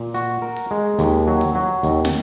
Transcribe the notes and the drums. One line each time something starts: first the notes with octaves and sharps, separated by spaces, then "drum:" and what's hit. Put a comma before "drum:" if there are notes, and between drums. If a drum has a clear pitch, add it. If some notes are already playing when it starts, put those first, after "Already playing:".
Already playing: A#2
F#4, drum: hi-hat
A#4
drum: open hi-hat
G#3
D#2, drum: hi-hat
F#3
drum: open hi-hat
F#3
D#2, drum: hi-hat
drum: snare